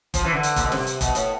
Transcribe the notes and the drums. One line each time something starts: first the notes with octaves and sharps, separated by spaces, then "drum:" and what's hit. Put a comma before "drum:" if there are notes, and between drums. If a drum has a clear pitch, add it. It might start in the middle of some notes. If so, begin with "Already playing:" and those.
F3, drum: kick, hi-hat
E3
D3
drum: hi-hat
A#2, drum: kick, hi-hat
B2
C3, drum: snare
drum: hi-hat
B2, drum: kick, hi-hat
A2, drum: hi-hat